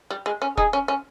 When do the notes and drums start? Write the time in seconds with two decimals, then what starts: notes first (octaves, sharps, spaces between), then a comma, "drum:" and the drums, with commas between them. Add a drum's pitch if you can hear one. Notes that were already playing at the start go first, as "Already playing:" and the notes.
0.10 G3
0.26 G#3
0.42 C#4
0.57 D#4 G#4, drum: kick E1
0.73 C#4
0.88 C#4